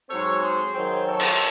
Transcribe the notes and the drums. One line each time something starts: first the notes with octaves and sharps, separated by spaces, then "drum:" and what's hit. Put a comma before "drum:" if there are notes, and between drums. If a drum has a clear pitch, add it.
G#2 F#3 C4 A4 C#5
G#4 C5
D#3 F#3 C4
A4 C#5
drum: cymbal